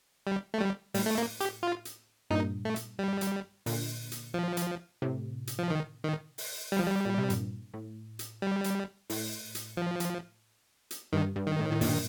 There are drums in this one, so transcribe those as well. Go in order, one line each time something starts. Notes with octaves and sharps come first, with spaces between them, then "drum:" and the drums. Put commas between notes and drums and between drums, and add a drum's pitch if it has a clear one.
G3
A3
G3
A2 G3, drum: open hi-hat
A3
A#3
G4, drum: hi-hat
F4
drum: hi-hat
G2 A#2 D#4
A3
drum: hi-hat
G3
drum: hi-hat
A#2 D3, drum: open hi-hat
drum: hi-hat
F3
drum: hi-hat
A2 C3
drum: hi-hat
F3
D#3
D#3
drum: open hi-hat
G3
F3
G3
A#2
C3
G2 A#2, drum: hi-hat
A2
drum: hi-hat
G3
drum: hi-hat
A2, drum: open hi-hat
drum: hi-hat
F3
drum: hi-hat
drum: hi-hat
G2 D#3
G2
D#3
A2
A2
G2 A#2, drum: open hi-hat